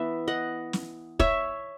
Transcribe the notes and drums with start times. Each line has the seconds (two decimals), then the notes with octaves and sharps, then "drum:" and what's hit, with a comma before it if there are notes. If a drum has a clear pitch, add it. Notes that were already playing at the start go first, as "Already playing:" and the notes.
Already playing: E3 B3 E5
0.28 D#5 F#5
0.73 drum: snare
1.20 C#5 E5, drum: kick